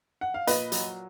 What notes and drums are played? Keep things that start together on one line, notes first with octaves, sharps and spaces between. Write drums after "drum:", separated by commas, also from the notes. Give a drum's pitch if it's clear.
F#5
F5
A#2 B4 D#5, drum: hi-hat
F#3, drum: hi-hat